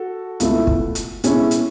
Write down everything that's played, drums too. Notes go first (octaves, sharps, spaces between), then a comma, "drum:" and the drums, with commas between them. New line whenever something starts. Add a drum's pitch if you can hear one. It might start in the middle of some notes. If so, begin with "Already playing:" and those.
Already playing: F#4 A4
C#2 B2 A3 E4, drum: hi-hat
drum: kick
drum: hi-hat
B2 G#3 C#4 E4, drum: hi-hat
drum: hi-hat